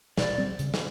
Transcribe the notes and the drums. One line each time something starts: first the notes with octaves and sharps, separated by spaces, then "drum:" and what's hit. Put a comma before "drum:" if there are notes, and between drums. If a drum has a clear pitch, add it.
B2 D5, drum: snare
G3 C4
C#3, drum: hi-hat
drum: snare